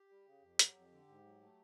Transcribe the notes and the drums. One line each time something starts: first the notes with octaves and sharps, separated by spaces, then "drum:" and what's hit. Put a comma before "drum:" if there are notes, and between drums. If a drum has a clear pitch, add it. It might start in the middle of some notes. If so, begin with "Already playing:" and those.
Already playing: G4
G3
C#3
F2
F#3, drum: hi-hat
F2
D3
G#2
F#3
A3